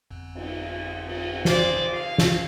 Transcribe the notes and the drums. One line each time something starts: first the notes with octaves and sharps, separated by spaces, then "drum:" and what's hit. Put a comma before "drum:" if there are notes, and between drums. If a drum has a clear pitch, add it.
G1 F2
drum: cymbal
drum: cymbal
C5 D5, drum: snare
F5
drum: snare